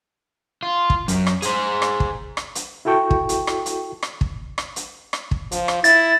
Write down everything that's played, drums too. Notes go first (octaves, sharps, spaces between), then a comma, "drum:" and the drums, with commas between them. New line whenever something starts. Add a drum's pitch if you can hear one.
F4
drum: kick
F#2, drum: hi-hat
drum: rim click
G#4 C5, drum: hi-hat
drum: rim click
drum: kick
drum: rim click
drum: hi-hat
E4 F#4 A4 G5 C#6
drum: kick
drum: hi-hat
drum: rim click
drum: hi-hat
drum: rim click
drum: kick
drum: rim click
drum: hi-hat
drum: rim click
drum: kick
F3, drum: hi-hat
drum: rim click
E4 A6, drum: hi-hat